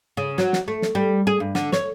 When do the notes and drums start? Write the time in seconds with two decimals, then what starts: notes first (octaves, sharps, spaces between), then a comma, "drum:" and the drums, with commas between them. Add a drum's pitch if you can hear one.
0.17 C#3
0.38 F#3, drum: snare
0.53 drum: snare
0.68 A3
0.82 drum: snare
0.95 G3
1.27 G#4
1.40 G2
1.55 D3, drum: snare
1.72 C#5, drum: snare